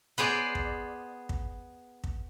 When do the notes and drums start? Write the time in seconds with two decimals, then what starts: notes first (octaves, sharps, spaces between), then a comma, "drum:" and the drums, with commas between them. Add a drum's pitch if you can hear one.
0.18 B3 G#4 C5 D5
0.55 drum: kick
1.29 drum: kick
2.04 drum: kick